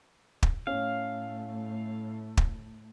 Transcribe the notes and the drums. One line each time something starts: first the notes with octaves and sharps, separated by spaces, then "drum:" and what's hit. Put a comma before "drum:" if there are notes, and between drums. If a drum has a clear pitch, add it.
drum: kick
A2 A3 C#4 F5
drum: kick